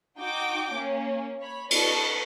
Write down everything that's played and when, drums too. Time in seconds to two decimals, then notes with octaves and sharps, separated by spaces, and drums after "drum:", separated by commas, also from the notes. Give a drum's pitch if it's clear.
0.20 D#4 F#4 G5 D6
0.74 A#3 C#4
1.40 C#5 B5
1.71 B4 D5 D#5 A5 C#6 C#7, drum: cymbal